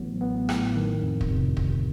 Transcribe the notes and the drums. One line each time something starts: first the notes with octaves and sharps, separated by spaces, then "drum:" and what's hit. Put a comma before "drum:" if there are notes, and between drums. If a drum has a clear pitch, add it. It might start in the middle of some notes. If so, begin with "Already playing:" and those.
Already playing: A1 A2 F#3 B3
B3
A2, drum: rim click
D#3
F2
drum: kick
C3
G1, drum: kick